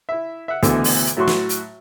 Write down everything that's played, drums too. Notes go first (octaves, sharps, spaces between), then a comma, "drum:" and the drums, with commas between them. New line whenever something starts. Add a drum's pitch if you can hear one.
E4 E5
E5 F#5
D2 B2 D3 E3, drum: kick, hi-hat
drum: open hi-hat
drum: hi-hat
A2 F#3 F#4 C6 C#6
drum: snare
drum: hi-hat